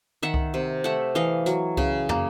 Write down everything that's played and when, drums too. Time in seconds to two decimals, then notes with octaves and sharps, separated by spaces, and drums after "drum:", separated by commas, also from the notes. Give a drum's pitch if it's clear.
0.23 D#3 E5 F#5
0.34 drum: kick C2
0.54 C3
0.84 A3 E5 F#5
1.15 E3 D#5 F5
1.46 F#3, drum: hi-hat
1.77 C#3, drum: kick C2
2.09 A#3, drum: tom